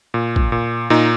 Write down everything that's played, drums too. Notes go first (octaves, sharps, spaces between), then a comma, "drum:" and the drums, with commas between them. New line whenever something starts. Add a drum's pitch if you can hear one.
A#2
drum: kick
A#2
A#2 D#4